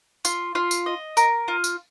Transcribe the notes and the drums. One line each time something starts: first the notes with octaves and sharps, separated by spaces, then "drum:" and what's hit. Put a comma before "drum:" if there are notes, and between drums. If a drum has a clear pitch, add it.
F4, drum: tambourine
F4
drum: tambourine
D#5
A#4, drum: tambourine
F4
drum: tambourine